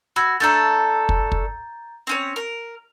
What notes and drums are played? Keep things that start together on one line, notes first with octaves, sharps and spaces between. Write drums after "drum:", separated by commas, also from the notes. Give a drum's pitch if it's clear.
F#4 B5 E6 G#6
A3 D4 A4 A#5 G6 A6
drum: kick
drum: kick
C4 C#4 C#5
A#4